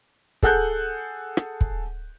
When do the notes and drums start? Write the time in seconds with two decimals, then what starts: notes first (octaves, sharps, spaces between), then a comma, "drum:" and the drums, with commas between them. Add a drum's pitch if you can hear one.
0.43 G#4 A4 F#5 F#6 G6, drum: kick
1.37 drum: rim click
1.61 drum: kick